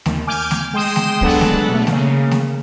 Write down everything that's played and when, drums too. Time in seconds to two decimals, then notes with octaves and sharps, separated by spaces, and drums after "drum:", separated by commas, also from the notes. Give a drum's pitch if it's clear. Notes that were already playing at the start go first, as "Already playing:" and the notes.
0.06 D#2, drum: snare A3
0.27 G#5 D6 F6 G6
0.51 drum: snare A3
0.73 G#3 G5 C6 D#6 E7
0.96 drum: snare A3
1.21 F#3 G#3 B3 D4 A4 F#5, drum: kick
1.41 drum: snare A3
1.69 B2 A3
1.87 C#3 A#3, drum: snare A3
2.31 drum: snare A3